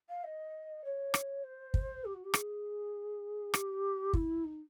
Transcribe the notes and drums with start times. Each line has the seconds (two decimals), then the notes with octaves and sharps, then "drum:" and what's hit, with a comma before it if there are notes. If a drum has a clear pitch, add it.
0.09 F5
0.23 D#5
0.84 C#5
1.14 drum: rim click
1.43 C5
1.74 drum: kick
2.04 G4
2.14 F#4
2.24 G4
2.34 G#4, drum: rim click
3.54 G4, drum: rim click
4.13 E4, drum: kick
4.44 D#4